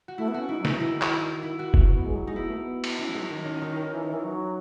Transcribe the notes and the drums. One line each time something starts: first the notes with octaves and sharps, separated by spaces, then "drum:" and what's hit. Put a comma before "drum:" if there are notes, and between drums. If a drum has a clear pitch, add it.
F#4
A3 E4
B3
C#4 F#4
D#4 E4
F#3
D#4, drum: snare
E3
D#3 E4
E4, drum: clap
E4
F#4
E3, drum: kick F1
F#3
B3
G#3
F#3
G#3 D#4
B3 E4
A3
B3
drum: cymbal
C#4 E4
E3
F#3 G#3 D#4
D#3 D#4
C#4
D#4
E3
D#3
E3
F#3